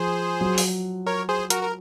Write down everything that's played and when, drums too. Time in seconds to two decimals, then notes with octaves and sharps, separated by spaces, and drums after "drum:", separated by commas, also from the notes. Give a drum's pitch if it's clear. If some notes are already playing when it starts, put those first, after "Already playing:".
Already playing: F3 G#4 C5
0.41 F#3
0.58 drum: open hi-hat
1.07 A#4 C#5
1.29 G#4 C5
1.50 F#4 A#4, drum: hi-hat
1.63 A#4